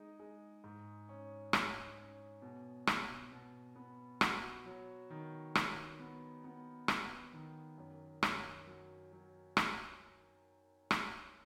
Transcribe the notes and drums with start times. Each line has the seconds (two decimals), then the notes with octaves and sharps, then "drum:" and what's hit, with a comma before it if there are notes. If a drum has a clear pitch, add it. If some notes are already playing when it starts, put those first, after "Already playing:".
Already playing: G#3 D#4
0.20 G#3
0.64 G#2
1.09 C#4
1.53 G#3, drum: rim click
1.98 C#4
2.42 B2
2.87 B2, drum: rim click
3.32 B2
3.76 B3
4.21 F#4, drum: rim click
4.66 F#3
5.10 D#3
5.55 F#3, drum: rim click
5.99 B3
6.44 B3
6.88 B3, drum: rim click
7.33 D#3
7.78 F#2
8.23 F#2, drum: rim click
8.67 F#3
9.13 F#3
9.57 drum: rim click
10.91 drum: rim click